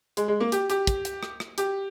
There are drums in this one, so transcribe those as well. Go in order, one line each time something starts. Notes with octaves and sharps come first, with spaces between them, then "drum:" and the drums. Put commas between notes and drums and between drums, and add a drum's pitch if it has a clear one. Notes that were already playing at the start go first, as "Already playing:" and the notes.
G#3, drum: hi-hat
G#3
A#3
G4, drum: hi-hat
G4, drum: hi-hat
drum: kick, hi-hat
drum: hi-hat
drum: rim click
drum: rim click
G4, drum: hi-hat